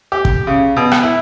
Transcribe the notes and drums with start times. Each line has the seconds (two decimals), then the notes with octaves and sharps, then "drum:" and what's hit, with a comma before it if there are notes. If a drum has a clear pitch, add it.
0.12 G4
0.25 drum: kick
0.47 C#3
0.77 B2
0.92 drum: rim click
1.03 E4